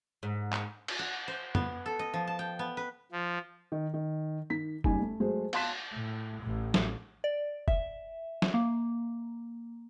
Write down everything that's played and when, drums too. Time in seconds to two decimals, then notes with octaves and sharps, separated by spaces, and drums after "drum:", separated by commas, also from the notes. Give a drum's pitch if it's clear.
0.23 G#2
0.53 drum: clap
0.88 drum: cymbal
0.99 F#5
1.28 C5
1.55 B3, drum: tom F2
1.86 A4
1.99 D#5
2.14 F3
2.27 A5
2.39 G5
2.59 B3
2.77 B4
3.12 F3
3.72 D#3
3.94 D#3
4.50 D#3 B6
4.84 F#1 G3 D#4 G#5, drum: kick
5.01 A3
5.20 F#3 G#3 A3 G#4 C5
5.53 F5 A5 C6 F#6 B6 E7, drum: cymbal
5.94 A2
6.42 A1 A2
6.74 drum: snare
7.24 D5
7.68 E5, drum: kick
8.42 drum: snare
8.54 A#3